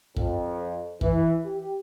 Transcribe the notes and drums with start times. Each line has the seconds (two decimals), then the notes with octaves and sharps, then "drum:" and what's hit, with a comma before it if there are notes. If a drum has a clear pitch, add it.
0.16 F2, drum: kick
1.01 E3, drum: kick
1.45 G4